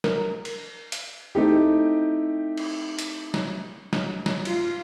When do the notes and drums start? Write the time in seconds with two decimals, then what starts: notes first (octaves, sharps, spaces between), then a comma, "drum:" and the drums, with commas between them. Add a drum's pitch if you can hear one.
0.04 A#4, drum: snare
0.45 drum: cymbal
0.92 drum: hi-hat
1.35 A3 C4 D#4 E4 G4
2.57 drum: cymbal
2.99 drum: hi-hat
3.34 drum: snare
3.93 drum: snare
4.26 drum: snare
4.45 F4, drum: cymbal